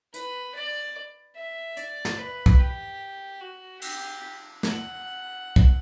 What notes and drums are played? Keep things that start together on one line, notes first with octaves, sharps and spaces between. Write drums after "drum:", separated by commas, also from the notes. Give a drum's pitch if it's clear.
B4, drum: hi-hat
D5
E5
D5, drum: hi-hat
drum: snare
B4
drum: kick
G4
F#4
G4, drum: cymbal
F#5, drum: snare
drum: kick